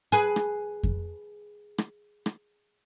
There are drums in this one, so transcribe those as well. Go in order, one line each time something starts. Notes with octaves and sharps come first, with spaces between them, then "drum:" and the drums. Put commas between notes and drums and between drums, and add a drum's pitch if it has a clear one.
G#4 B4
drum: rim click
drum: kick F2
drum: rim click
drum: rim click